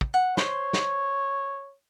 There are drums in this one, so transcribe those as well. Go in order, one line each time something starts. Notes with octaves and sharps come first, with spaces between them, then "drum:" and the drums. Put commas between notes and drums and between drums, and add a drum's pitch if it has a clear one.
drum: kick
F#5
C5 C#5 C6, drum: snare
drum: snare